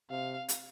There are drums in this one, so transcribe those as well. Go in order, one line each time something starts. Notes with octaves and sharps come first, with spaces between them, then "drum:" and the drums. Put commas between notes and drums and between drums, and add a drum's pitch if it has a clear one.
C3 F5
drum: hi-hat